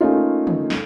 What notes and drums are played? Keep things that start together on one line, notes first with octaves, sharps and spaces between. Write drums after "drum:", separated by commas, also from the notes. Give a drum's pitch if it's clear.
A3 A#3 C#4 D#4 F4
drum: tom
drum: snare